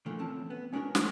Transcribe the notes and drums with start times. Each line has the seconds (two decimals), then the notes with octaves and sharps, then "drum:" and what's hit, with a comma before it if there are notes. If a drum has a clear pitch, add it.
0.06 A#2 D3 E3 F3 A3 A#3
0.19 E2 C4 C#4 A5
0.50 B3
0.73 G#3 C#4 D4 F#4 A#4 C#5
0.95 A3, drum: snare